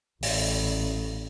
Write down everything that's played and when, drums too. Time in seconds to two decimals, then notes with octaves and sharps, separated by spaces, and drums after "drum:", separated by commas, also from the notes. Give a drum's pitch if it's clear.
0.22 A1, drum: open hi-hat